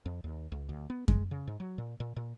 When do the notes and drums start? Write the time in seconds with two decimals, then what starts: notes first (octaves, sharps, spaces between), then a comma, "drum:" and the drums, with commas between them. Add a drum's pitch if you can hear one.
0.06 F2
0.24 D#2
0.52 C#2
0.69 D2
0.90 B3
1.08 G#3, drum: kick F#2
1.31 C#3
1.47 G#2
1.60 F#3
1.78 A#2
2.00 A#2
2.16 A#2